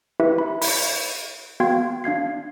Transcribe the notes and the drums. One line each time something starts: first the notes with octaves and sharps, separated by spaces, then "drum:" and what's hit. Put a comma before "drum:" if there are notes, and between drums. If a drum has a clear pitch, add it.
E4 G4 B4 E5
B5
B5, drum: open hi-hat
B3 F#4 F5 G5 C6 G#6
D4 F5 G#6 C7